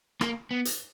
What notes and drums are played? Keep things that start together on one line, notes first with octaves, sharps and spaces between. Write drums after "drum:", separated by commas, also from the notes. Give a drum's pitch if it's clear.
A#3, drum: rim click
B3
drum: hi-hat